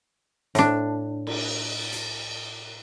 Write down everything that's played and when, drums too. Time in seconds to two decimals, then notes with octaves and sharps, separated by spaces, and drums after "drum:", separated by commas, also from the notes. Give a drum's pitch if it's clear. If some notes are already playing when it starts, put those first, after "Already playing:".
0.55 A2 D4, drum: hi-hat
1.27 drum: cymbal
1.93 drum: hi-hat